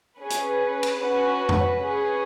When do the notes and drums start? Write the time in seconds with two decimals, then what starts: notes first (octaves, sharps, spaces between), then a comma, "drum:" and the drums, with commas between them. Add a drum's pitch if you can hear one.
0.18 C#4 G#4 B4
0.30 drum: hi-hat
0.83 drum: cymbal
0.99 C#4 F#4
1.49 drum: tom F2
1.79 C#4 G#4